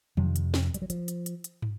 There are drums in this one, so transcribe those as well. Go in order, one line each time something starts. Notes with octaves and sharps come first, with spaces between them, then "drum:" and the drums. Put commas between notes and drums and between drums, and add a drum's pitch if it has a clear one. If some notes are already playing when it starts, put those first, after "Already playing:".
F2 C3 D#3, drum: tom F3
drum: hi-hat
drum: snare C4
G3, drum: hi-hat
F#3
F3, drum: hi-hat
drum: hi-hat
drum: hi-hat
drum: hi-hat
drum: tom